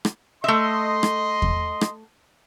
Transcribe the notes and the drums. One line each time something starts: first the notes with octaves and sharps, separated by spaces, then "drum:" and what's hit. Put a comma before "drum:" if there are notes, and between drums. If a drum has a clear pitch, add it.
drum: rim click
A3 D#5 E5 C6
drum: rim click
drum: kick E2
drum: rim click